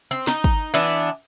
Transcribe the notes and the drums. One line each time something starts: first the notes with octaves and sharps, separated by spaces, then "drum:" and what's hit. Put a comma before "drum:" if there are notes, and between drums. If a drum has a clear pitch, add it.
C4
D#4, drum: snare
drum: kick
E3 B3 D4